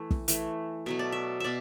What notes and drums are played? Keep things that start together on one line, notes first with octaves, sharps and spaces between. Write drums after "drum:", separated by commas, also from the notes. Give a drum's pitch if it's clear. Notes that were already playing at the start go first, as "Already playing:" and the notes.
Already playing: E3 A3
drum: kick
E3 A3, drum: hi-hat
B2 F#3 A3 E5
D5
E5
B2 D5 E5